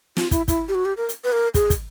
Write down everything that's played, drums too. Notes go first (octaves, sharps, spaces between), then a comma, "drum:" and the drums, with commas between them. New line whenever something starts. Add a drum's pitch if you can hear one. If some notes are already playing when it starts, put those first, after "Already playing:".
F4, drum: snare
E4, drum: kick, hi-hat
E4, drum: kick, hi-hat
G4
F#4
G4
A#4
drum: hi-hat
B4
A#4
G#4, drum: kick, hi-hat
drum: kick, hi-hat